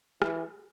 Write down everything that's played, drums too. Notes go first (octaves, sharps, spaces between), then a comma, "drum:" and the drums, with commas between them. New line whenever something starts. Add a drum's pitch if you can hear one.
E3, drum: rim click